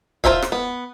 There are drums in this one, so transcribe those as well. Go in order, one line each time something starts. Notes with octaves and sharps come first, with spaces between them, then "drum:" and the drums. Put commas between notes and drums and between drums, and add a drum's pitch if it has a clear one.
F4 A#4 C5 E5 F5, drum: kick
drum: rim click
B3